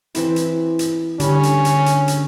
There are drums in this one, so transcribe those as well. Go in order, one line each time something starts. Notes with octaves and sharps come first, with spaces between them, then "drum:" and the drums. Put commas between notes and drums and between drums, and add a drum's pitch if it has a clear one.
E3 C4 E4, drum: hi-hat
drum: hi-hat
drum: hi-hat
D3 G3 C#4, drum: hi-hat
drum: hi-hat
drum: hi-hat
drum: hi-hat
drum: hi-hat